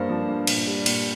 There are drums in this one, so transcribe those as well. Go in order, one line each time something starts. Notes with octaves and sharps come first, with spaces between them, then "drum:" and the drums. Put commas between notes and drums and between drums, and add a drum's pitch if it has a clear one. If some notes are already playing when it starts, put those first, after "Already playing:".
Already playing: G2 A#3 C5
F3
G2
A#2, drum: cymbal
G3
A#2, drum: cymbal